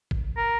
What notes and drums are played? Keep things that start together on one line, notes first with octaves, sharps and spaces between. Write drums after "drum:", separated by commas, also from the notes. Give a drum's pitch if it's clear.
drum: kick
A#4